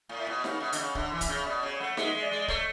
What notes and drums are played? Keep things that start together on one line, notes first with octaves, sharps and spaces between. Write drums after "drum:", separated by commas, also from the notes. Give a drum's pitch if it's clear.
A2
E5
B2
C#3 F#5, drum: snare
B2 E5
D3, drum: hi-hat
C#3 F#5
D3 E5, drum: kick C#1
E3
E5, drum: kick C#1, hi-hat
C#3
B2 D5
C#3 C#5
A3 F#5
G#3 E5, drum: snare
G#3
D5
G#3
A3 C#5, drum: kick C#1